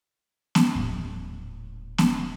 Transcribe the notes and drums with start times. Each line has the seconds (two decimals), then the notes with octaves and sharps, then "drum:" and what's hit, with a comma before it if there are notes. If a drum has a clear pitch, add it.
0.55 drum: snare B3
0.75 D#1 A2
1.98 drum: snare B3